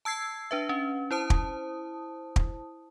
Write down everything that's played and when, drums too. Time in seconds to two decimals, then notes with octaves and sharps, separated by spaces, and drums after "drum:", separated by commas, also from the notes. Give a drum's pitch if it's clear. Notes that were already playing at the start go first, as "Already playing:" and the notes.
0.05 A5 E6 G#6 C7
0.51 D4 B4 E5
0.69 C#4
1.11 E4 C5 A5 D#6
1.30 drum: kick
2.36 drum: kick